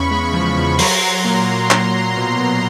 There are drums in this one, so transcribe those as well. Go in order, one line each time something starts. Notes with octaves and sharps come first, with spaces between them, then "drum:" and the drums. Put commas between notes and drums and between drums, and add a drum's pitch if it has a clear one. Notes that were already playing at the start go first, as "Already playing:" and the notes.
Already playing: E2 C#3 B5 C#6
G#3
F3
E2
F#3 A#5 C6, drum: open hi-hat
F#3
A#2
A#2
F#3, drum: clap
F#3
B2
B2